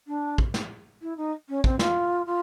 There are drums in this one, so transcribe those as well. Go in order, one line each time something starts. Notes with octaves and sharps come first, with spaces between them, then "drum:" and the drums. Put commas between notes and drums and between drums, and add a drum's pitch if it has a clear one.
D4
drum: kick
drum: snare
E4
D#4
C#4
C4, drum: kick
F4, drum: snare
F4